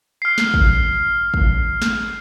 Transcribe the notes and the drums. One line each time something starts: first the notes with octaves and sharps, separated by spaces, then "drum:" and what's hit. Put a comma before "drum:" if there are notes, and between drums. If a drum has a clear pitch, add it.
F6 C7
drum: snare
drum: kick
drum: kick
drum: snare